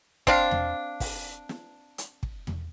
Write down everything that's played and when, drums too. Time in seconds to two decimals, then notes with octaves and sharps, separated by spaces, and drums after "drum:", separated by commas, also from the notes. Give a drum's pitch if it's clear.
0.27 C4 D4 F5, drum: kick
0.51 drum: tom E2
1.00 drum: kick, open hi-hat
1.49 drum: snare
1.98 drum: hi-hat
2.23 drum: kick
2.47 drum: tom E2